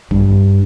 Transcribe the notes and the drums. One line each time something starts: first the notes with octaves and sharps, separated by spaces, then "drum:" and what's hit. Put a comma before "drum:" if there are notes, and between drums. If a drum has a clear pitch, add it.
G2, drum: kick G#1